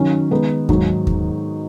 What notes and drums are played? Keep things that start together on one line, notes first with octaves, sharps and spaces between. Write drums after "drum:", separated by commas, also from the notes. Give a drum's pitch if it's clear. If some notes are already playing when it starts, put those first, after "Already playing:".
Already playing: D#3 F#3 C#4
D#3 G#3 B3 D#4
G#2 D#3 F#3 D#4, drum: kick D#2
drum: kick D#2